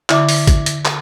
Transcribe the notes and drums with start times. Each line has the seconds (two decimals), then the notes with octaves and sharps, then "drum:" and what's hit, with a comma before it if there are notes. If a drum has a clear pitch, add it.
0.10 D3 E4 E5 D6, drum: clap
0.29 drum: open hi-hat
0.47 drum: kick, hi-hat
0.66 drum: hi-hat
0.85 drum: clap